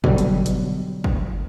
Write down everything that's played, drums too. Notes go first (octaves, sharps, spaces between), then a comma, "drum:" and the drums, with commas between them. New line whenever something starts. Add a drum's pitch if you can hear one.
B2 D3 F#3 G3, drum: kick
drum: hi-hat
drum: hi-hat
drum: kick